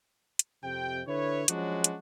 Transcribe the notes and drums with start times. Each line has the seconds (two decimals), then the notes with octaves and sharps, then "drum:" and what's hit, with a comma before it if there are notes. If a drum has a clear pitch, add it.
0.39 drum: hi-hat
0.64 F2 C3 G5
1.07 D3 E4 B4 C#5
1.48 F3 F#3 G#3 C#4 D4 F#4, drum: hi-hat
1.84 drum: hi-hat